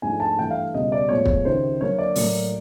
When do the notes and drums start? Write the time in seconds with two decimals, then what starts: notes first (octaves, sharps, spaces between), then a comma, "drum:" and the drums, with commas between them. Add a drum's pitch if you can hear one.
0.02 G#2 F3 A3 D4 G#5
0.20 A5
0.38 G2 E3 A3 G5
0.51 F5
0.74 C#2 B2 G3 C4 D#5
0.92 D5
1.09 A2 F3 G#3 B3 C#5
1.26 drum: kick
1.45 C#2 C3 D#3 C5
1.80 D3 F#3 A#3 C#5
1.99 D5
2.15 A2 F#3 A#3, drum: open hi-hat